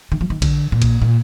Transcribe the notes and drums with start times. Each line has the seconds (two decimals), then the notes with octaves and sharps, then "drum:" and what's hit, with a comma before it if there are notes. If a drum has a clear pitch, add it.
0.12 D#3
0.21 F3
0.30 D#3
0.42 D3, drum: kick A#1, cymbal
0.72 A#2
0.82 drum: kick A#1, cymbal
1.02 A#2